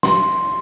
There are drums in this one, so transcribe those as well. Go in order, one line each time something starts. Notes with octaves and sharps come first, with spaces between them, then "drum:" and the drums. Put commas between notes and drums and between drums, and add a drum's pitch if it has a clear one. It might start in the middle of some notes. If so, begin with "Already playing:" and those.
C6, drum: snare